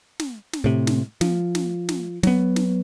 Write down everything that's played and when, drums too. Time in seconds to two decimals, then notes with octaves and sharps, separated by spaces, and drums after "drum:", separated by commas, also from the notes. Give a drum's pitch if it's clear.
0.20 drum: snare
0.53 drum: snare
0.64 A2 C3
0.87 drum: snare
1.21 F3, drum: snare
1.55 drum: snare
1.89 drum: snare
2.23 F#3 B3, drum: snare
2.56 drum: snare